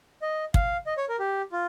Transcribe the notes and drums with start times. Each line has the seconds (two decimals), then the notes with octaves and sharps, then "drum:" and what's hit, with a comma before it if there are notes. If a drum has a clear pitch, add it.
0.22 D#5
0.54 F5, drum: kick
0.86 D#5
0.98 C#5
1.09 A#4
1.19 G4
1.52 F4